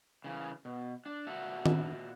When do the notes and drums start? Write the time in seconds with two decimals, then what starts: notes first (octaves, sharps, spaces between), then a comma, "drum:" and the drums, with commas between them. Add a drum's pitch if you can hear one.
0.24 C#3 E3
0.65 B2
1.06 D4
1.27 A#2 F#4 E5 A5
1.66 drum: tom D#3